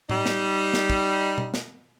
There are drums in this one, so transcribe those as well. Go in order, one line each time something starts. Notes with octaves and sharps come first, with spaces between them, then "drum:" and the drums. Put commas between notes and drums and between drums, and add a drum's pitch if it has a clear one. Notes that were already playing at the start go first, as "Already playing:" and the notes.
G3 D#4, drum: tom A2
drum: snare
drum: snare
drum: kick
drum: tom B2
drum: snare